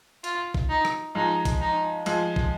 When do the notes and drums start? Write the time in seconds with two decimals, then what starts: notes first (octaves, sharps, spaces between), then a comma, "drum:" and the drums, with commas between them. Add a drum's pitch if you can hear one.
0.24 F4, drum: hi-hat
0.55 drum: kick
0.69 D#4
0.85 drum: rim click
1.15 F3 G#3 D#4
1.45 drum: kick, hi-hat
1.61 D#4
2.06 F3 G#3, drum: hi-hat
2.36 drum: kick